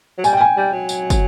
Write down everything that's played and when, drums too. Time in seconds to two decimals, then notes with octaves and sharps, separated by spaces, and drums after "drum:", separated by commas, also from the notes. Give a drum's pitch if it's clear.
0.18 F#3
0.24 G3 G#5, drum: tambourine
0.33 G5
0.41 G#5
0.57 G3
0.73 F#3
0.89 drum: tambourine
1.10 drum: kick, tambourine